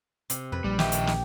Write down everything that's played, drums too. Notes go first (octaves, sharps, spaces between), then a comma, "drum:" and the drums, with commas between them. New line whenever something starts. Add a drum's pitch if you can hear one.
C3, drum: hi-hat
F2 B4
A#1 G3
D#3 G4 D#5 E5, drum: snare
drum: hi-hat
drum: snare